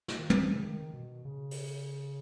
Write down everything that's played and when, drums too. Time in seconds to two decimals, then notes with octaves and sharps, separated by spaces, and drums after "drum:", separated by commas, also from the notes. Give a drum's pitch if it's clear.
0.08 drum: snare
0.18 D#3
0.30 E3, drum: tom
0.52 C#3
0.62 D#3
0.93 B2
1.25 C#3
1.51 drum: open hi-hat